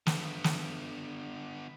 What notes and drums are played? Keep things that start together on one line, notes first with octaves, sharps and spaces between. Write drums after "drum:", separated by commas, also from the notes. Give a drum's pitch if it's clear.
D3 B3, drum: snare
drum: snare